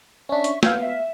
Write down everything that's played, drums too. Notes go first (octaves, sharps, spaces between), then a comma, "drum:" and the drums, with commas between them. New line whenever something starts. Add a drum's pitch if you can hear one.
C#4 D4 E5 C#6
drum: hi-hat
B3 F5 E6 G6 G#6, drum: snare
E5